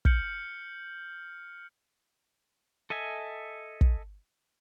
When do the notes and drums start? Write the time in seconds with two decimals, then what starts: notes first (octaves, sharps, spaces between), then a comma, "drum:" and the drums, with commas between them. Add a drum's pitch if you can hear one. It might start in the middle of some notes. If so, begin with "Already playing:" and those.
0.05 F6 G6 C#7 F#7, drum: kick
2.90 A4 D#5 E5 G#5
3.81 drum: kick